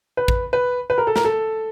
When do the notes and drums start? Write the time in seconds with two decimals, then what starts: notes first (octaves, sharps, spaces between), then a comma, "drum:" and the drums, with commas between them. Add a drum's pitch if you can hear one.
0.17 B4
0.28 drum: kick
0.53 B4
0.90 B4
0.98 A#4
1.07 A4
1.16 A#4, drum: snare
1.25 A4